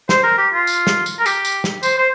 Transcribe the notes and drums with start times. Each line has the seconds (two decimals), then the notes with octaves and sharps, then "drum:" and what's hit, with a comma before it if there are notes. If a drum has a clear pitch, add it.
0.09 C5, drum: snare
0.23 A#4
0.38 G4
0.53 F4
0.67 drum: tambourine
0.87 drum: snare
1.06 drum: tambourine
1.19 A#4
1.26 G4, drum: tambourine
1.45 drum: tambourine
1.64 drum: snare
1.83 C5, drum: tambourine
1.98 C5